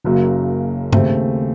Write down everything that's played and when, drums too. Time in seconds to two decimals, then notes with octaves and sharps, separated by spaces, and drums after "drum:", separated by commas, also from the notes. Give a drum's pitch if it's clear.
0.04 F#1 F#2 C#3 F#3 A#3
0.93 D#2 C#3 A3 C4, drum: tom